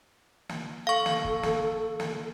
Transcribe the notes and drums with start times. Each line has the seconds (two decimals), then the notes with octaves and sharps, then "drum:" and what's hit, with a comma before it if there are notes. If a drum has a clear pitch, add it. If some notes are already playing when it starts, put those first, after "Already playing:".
0.49 drum: snare
0.87 A4 F5 C#6
1.06 drum: snare
1.24 drum: kick
1.43 drum: snare
2.00 drum: snare